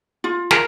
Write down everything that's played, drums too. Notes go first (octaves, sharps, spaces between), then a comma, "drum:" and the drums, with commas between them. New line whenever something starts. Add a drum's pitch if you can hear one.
F4
A#4, drum: snare